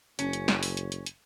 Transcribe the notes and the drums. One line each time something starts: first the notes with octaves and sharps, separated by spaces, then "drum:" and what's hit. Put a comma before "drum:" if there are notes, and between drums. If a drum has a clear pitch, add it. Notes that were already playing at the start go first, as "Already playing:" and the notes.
F#1 C#4, drum: hi-hat
drum: hi-hat
drum: snare
drum: open hi-hat
drum: hi-hat
drum: hi-hat
drum: hi-hat